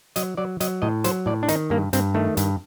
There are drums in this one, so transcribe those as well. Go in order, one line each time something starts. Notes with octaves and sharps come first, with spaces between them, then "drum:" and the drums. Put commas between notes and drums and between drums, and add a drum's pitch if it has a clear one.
F#3 D#5, drum: hi-hat
F#3 D5
F#3 D#5, drum: hi-hat
A2 D#5
F#3 C5, drum: hi-hat
A2 D5
D4
D#3 D#4, drum: hi-hat
G2 A#3
G2 C4, drum: hi-hat
D#3 A3
G2, drum: hi-hat